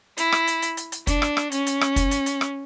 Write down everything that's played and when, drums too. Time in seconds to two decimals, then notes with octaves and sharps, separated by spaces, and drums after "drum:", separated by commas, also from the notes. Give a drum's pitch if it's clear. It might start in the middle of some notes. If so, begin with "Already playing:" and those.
0.17 E4, drum: hi-hat
0.32 drum: rim click
0.47 drum: hi-hat
0.62 drum: hi-hat
0.77 drum: hi-hat
0.92 drum: hi-hat
1.07 D4, drum: kick, hi-hat
1.22 drum: rim click
1.37 drum: rim click
1.52 C#4, drum: hi-hat
1.66 drum: hi-hat
1.81 drum: rim click
1.96 drum: kick, hi-hat
2.11 drum: hi-hat
2.26 drum: hi-hat
2.41 drum: rim click